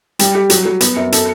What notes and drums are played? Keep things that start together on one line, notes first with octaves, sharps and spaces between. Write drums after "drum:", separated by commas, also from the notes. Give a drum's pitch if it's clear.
G3, drum: hi-hat
G4
F#3, drum: hi-hat
F#3
B3, drum: hi-hat
F#2
A4, drum: hi-hat